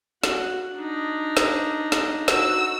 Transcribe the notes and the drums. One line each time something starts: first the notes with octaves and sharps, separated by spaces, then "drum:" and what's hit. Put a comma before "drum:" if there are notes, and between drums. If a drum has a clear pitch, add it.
F#4, drum: snare
D4 D#4
drum: snare
drum: snare
F#4 E6, drum: snare